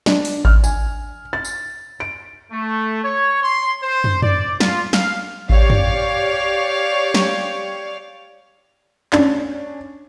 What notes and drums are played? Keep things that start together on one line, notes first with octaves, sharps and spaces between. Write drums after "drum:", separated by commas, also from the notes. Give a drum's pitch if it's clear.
D4, drum: snare
drum: open hi-hat
F6, drum: kick G#1
G#5, drum: tambourine
A6
drum: tambourine
D7
A3
C#5
C6
C5
drum: tom
D5, drum: tom
F4, drum: snare
F5, drum: snare
G4 C#5 D5 F5, drum: kick G#1
drum: tom
drum: snare
C#4 D4, drum: clap